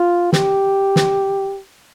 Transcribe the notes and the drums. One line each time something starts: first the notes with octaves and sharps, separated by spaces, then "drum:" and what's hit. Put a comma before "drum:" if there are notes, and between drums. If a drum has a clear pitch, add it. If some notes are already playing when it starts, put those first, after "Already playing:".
Already playing: F4
G4, drum: snare
drum: snare